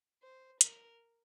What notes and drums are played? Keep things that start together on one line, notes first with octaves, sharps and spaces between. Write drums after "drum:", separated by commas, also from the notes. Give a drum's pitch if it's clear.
C5
A#4, drum: hi-hat